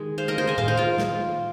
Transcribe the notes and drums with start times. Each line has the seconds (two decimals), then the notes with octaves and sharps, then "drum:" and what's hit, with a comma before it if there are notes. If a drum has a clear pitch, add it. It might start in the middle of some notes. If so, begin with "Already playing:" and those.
Already playing: D#3 G#3 G#4
0.18 C5 F5
0.28 A#4 D#5
0.38 G#4 C5
0.47 D#5 G#5
0.58 C5 F5, drum: tom A2
0.68 G#4 C5
0.77 F4 A#4
0.98 drum: snare